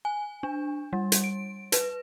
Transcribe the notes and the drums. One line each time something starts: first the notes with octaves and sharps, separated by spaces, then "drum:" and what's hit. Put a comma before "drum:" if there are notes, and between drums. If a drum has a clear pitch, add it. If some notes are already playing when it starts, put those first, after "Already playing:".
G#5
D4
G3
drum: hi-hat
D7
B4, drum: hi-hat